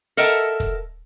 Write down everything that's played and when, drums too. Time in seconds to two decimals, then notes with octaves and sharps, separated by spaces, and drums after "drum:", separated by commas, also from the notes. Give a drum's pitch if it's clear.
0.17 A4 A#4 D#5 E5 F#5 A5
0.60 drum: kick